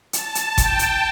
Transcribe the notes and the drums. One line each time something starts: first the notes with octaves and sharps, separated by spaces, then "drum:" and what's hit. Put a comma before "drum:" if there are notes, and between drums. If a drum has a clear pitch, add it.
A5, drum: hi-hat
drum: hi-hat
G5, drum: kick G1, hi-hat
drum: hi-hat